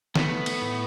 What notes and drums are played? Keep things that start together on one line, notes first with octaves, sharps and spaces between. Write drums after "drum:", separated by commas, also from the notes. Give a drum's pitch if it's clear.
A3 B3, drum: snare
drum: cymbal
A2